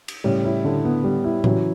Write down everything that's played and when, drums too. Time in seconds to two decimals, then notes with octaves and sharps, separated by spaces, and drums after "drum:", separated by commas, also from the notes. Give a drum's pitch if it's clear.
0.08 drum: cymbal
0.24 A2 C#3 G3
0.44 E4
0.65 D3
0.85 B3
1.04 G3
1.24 E4
1.44 C#3 E3 F#3, drum: tom A2